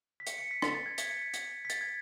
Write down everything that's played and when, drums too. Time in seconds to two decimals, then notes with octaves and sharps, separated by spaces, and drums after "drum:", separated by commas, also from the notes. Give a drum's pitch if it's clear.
0.20 B6
0.27 C#7, drum: hi-hat
0.38 C#7
0.51 B6
0.62 A6, drum: rim click
0.74 A6
0.86 G#6
0.98 B6, drum: hi-hat
1.10 C#7
1.22 B6
1.34 drum: hi-hat
1.65 B6
1.70 A6, drum: hi-hat
1.81 G#6